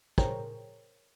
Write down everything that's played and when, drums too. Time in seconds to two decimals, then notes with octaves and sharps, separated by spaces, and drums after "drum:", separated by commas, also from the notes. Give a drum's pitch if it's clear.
0.18 G#4 A#4 C5 C#5 G5 A#5, drum: kick